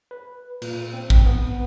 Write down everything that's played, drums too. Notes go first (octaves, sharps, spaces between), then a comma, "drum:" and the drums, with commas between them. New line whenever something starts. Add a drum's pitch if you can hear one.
B4
A#2, drum: cymbal
C4
drum: kick
B3